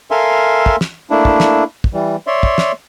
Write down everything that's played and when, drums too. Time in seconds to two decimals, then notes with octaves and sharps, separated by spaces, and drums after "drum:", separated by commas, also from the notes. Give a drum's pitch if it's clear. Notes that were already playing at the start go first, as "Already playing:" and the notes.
0.11 A4 A#4 E5 F5 G#5 C6
0.66 drum: kick
0.81 drum: snare
1.10 A3 A#3 D4 E4
1.25 drum: kick
1.40 drum: snare
1.84 drum: kick
1.94 E3 G3
2.27 C#5 D5 E5 C6
2.43 drum: kick
2.58 drum: snare